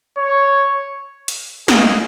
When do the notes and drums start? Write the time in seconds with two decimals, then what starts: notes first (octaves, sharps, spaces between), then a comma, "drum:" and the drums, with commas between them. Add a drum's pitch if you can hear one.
0.17 C#5
1.28 drum: hi-hat
1.68 G#4, drum: snare